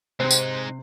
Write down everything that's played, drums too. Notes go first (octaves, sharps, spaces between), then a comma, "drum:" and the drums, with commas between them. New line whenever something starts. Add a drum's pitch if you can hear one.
C3 G#3 C4 D#4 C5 F#6 C7
drum: tambourine